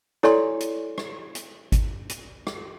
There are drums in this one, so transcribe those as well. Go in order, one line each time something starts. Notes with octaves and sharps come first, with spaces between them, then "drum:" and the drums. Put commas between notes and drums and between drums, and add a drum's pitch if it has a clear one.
E4 A4 C#5 D5 G#5 C6, drum: rim click
drum: hi-hat
drum: rim click
drum: hi-hat
drum: kick G#1, hi-hat
drum: hi-hat
drum: rim click